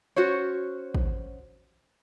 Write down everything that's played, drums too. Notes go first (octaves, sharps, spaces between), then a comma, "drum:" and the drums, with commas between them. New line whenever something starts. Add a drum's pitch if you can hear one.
C#4 F#4 C5 C#5
drum: kick